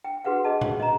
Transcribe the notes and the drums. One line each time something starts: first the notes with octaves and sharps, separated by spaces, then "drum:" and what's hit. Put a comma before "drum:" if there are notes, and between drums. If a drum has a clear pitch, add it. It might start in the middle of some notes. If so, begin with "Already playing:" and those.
G5
F#4 G#4 B4 F5 F#5
G#4 D#5 A5
F5, drum: tom A#2
D#5 A#5